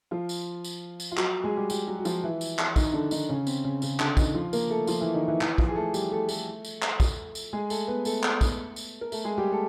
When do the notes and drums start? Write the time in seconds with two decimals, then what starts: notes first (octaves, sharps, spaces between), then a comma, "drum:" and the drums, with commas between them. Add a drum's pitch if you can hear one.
0.11 F3 F4
0.29 drum: tambourine
0.64 drum: tambourine
1.00 drum: tambourine
1.12 F4
1.17 F#3 F#4, drum: clap
1.43 G#3 G#4
1.57 G3 G4
1.70 G3 G4, drum: tambourine
1.88 F#3 F#4
1.99 F#4
2.05 F3 F4, drum: tambourine
2.23 E3 E4
2.41 drum: tambourine
2.59 drum: clap
2.76 D#3 D#4, drum: kick, tambourine
2.93 D3 D4
3.11 D#3 D#4, drum: tambourine
3.29 C#3 C#4
3.47 C4, drum: tambourine
3.65 C#3 C#4
3.82 C#3 C#4, drum: tambourine
3.99 D3 D4, drum: clap
4.17 D#3 D#4, drum: kick, tambourine
4.35 F3 F4
4.53 A#3 A#4, drum: tambourine
4.70 A3 A4
4.87 F3 F4, drum: tambourine
5.01 E3 E4
5.15 D#3 D#4
5.28 E3 E4
5.41 E3 E4, drum: clap
5.58 F3 F4, drum: kick
5.68 G#4
5.76 A3 A4
5.94 G3 G4, drum: tambourine
6.12 A3 A4
6.29 A3 A4, drum: tambourine
6.65 drum: tambourine
6.82 drum: clap
7.00 drum: kick, tambourine
7.35 drum: tambourine
7.53 G#3 G#4
7.70 A3 A4, drum: tambourine
7.87 B3 B4
8.05 A3 A4, drum: tambourine
8.23 drum: clap
8.41 drum: kick, tambourine
8.76 drum: tambourine
9.01 A#4
9.12 A3 A4, drum: tambourine
9.25 G#3 G#4
9.38 G3 G4
9.51 A3 A4